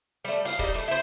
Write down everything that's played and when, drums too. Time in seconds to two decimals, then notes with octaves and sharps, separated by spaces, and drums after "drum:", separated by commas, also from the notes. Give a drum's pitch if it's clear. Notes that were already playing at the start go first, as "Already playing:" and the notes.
0.25 G3 A3
0.45 F5, drum: open hi-hat
0.59 G3 D#4, drum: kick, hi-hat
0.74 A3, drum: hi-hat
0.88 E4 C5